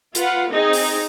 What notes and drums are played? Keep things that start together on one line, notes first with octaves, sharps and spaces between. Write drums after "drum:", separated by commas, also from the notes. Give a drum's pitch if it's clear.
F4 B4 F5 F#5, drum: hi-hat
C4 D#4 G#4 D#5
drum: open hi-hat